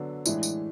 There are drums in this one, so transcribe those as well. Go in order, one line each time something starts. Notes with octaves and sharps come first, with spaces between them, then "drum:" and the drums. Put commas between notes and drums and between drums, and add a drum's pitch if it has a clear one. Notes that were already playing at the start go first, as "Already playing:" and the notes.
Already playing: D3 F#3 B3 D4 A4
A2 E3 G#3 D4, drum: tambourine
drum: tambourine